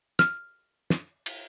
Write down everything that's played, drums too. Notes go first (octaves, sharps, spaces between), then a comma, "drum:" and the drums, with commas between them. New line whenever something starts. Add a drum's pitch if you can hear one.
F6, drum: snare
drum: snare
drum: cymbal